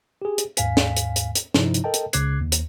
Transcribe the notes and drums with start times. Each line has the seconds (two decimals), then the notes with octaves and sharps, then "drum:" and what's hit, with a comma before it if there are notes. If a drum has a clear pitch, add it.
0.22 G4 G#4
0.38 drum: hi-hat
0.57 D#2 G#2 F5 G#5 B6, drum: hi-hat
0.77 drum: snare
0.96 drum: hi-hat
1.16 drum: hi-hat
1.35 drum: hi-hat
1.54 G2 C3 F3 D#4 E4, drum: snare
1.74 drum: hi-hat
1.84 A4 A#4 D#5 G5 A5
1.94 drum: hi-hat
2.13 C#2 C#3 D6 F#6 G#6 C7, drum: hi-hat
2.41 D#2
2.52 drum: hi-hat